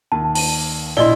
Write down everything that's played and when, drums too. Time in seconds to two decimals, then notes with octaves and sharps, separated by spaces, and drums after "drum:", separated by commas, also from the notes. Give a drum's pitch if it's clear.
0.12 D#2 A5
0.35 A5 D#7, drum: open hi-hat
0.97 A#1 E4 D5 D#5 C6 G7